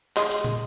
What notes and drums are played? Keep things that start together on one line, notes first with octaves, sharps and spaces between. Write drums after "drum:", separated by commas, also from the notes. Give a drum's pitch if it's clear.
G#3, drum: clap
drum: tambourine
drum: tom